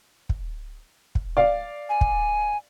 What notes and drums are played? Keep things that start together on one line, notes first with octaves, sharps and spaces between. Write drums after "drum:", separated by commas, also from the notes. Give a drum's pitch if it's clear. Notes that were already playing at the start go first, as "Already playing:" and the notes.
drum: kick
drum: kick
D5 F5
G#5
drum: kick